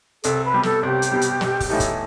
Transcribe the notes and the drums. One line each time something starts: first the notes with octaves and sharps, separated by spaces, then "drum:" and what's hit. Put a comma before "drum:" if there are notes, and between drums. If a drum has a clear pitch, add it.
C2 A4, drum: hi-hat
B4
B2 G3
A4, drum: snare
C2 G4
drum: hi-hat
B2 G3
drum: hi-hat
B1, drum: snare
drum: kick, open hi-hat
A2 E3 A3 D#4
drum: kick, hi-hat